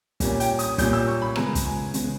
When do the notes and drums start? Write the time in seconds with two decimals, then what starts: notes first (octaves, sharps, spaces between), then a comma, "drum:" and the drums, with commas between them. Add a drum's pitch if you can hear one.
0.20 A#2 G3 A#3 C#4, drum: kick, hi-hat
0.40 G5, drum: hi-hat
0.59 D#6, drum: hi-hat
0.78 A#2 G3 A#3 C#4 G6, drum: kick, hi-hat
0.93 E6
1.08 C#6
1.22 B5
1.36 C#3 G#3 B3 A#5, drum: rim click
1.55 drum: kick, hi-hat
1.65 G#5
1.94 C#3 G#3 B3, drum: hi-hat